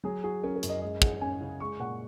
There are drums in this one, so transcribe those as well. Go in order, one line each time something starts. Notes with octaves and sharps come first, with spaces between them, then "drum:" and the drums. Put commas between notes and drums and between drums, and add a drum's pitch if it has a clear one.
F#3 G#4
F#4 G#4
C#4 A#4
A#4
F#2, drum: hi-hat
D#5
G#3 D#5
G#4 F#5, drum: kick
C#4 G#5
C#3
G#3 C#6
A#2 F#5